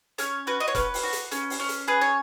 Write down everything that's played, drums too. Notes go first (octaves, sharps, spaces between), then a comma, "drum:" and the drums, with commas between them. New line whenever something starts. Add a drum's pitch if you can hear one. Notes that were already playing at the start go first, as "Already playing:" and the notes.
C#4 C#5, drum: hi-hat
F#4 B4
D#5
C#5
C#4 B4, drum: kick E1, hi-hat
drum: open hi-hat
F#4
drum: hi-hat
C#4, drum: hi-hat
drum: open hi-hat
C#4
drum: hi-hat
G#4 B4
C#5